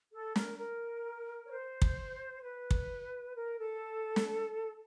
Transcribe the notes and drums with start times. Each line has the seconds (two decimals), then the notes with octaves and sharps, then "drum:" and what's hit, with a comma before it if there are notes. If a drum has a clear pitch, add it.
0.12 A4
0.36 A#4, drum: snare
0.58 A#4
1.45 C#5
1.51 C5
1.82 drum: kick
2.43 B4
2.71 drum: kick
3.35 A#4
3.59 A4
4.16 drum: snare